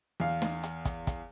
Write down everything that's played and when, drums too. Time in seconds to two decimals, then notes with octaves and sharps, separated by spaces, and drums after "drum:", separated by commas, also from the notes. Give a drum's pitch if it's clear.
0.20 E2 F5
0.42 drum: snare
0.63 drum: hi-hat
0.85 drum: kick, hi-hat
1.07 drum: kick, hi-hat